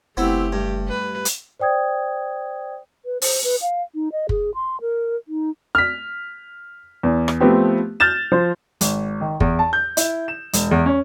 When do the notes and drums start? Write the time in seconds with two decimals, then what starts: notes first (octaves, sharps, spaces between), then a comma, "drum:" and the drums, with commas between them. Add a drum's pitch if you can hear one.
0.17 F#1 A3 B3 C4 E4 G4
0.52 G2
0.88 B4
1.25 drum: hi-hat
1.60 C5 D5 G5 D#6 G#6
3.05 B4
3.22 C5, drum: open hi-hat
3.44 B4
3.62 F5
3.95 D#4
4.12 D#5
4.29 G#4, drum: kick
4.54 C6
4.81 A#4
5.28 D#4
5.75 F6 B6
7.03 E2
7.28 drum: rim click
7.40 F3 A3 B3 C4 G4
8.00 F6 G6 A6 E7
8.32 F3 C5
8.81 G#1, drum: hi-hat
9.21 D#3
9.40 E2, drum: kick
9.59 A5
9.73 G6
9.97 E4, drum: hi-hat
10.28 E7
10.53 E1, drum: hi-hat
10.71 E2
10.86 C#4